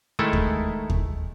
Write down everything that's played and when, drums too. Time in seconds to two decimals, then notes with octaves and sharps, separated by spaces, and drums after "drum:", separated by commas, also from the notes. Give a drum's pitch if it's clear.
0.19 D#3 G#3 A3 E4 A4
0.33 drum: kick D#2
0.90 drum: kick D#2